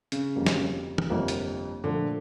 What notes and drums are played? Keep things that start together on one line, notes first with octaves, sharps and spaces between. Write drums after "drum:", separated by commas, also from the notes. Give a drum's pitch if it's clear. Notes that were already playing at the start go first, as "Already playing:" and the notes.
C#3, drum: hi-hat
G1 F2 C3 F3 A#3
drum: snare
drum: tom
G1 F2 C3 F3 A#3
drum: hi-hat
A#2 D3 F3 A3